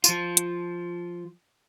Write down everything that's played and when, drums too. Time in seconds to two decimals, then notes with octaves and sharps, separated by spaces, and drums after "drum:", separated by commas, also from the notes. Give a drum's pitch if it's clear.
0.04 F3 F4, drum: tambourine
0.37 drum: hi-hat